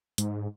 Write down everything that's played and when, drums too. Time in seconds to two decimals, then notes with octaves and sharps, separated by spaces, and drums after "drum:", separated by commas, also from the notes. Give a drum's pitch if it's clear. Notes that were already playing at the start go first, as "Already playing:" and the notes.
0.18 G#2, drum: hi-hat